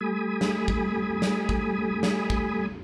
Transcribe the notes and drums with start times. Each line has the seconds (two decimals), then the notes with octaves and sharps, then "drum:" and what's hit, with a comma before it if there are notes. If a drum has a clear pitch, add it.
0.01 G3 A3 G#5 B5 D#6
0.41 drum: snare
0.68 drum: kick
1.22 drum: snare
1.49 drum: kick
2.03 drum: snare
2.30 drum: kick